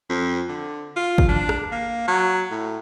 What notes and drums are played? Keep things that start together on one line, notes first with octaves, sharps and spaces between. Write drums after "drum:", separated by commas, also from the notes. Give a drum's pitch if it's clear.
F2
D3
F4
drum: kick
D4
drum: rim click
A#3
F#3
A2